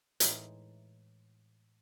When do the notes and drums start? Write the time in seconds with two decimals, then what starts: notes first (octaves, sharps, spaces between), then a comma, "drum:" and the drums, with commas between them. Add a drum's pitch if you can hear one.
0.20 A2 E3 G#3 D#4, drum: hi-hat